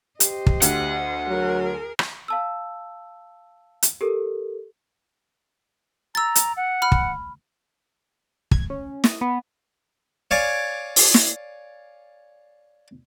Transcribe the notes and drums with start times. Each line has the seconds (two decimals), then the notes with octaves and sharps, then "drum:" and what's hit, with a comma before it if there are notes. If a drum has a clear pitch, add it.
0.20 G4 C5 D#5, drum: hi-hat
0.46 drum: kick
0.62 D2 F#5, drum: hi-hat
1.28 F#3 G#4 A#4
1.99 drum: rim click
2.28 F5 A5 E6
3.83 drum: hi-hat
4.01 G4 A4 A#4
6.15 A#5 E6 A6
6.35 drum: hi-hat
6.57 F#5
6.82 B5 F6
6.92 drum: kick
8.51 G#6, drum: kick
8.70 C#4
9.04 D#6, drum: snare
9.21 B3
10.31 C#5 D5 F5 G#5 D6
10.96 drum: open hi-hat
11.14 drum: snare